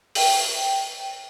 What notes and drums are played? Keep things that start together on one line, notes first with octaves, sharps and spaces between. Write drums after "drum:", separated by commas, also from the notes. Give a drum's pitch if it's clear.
G5, drum: open hi-hat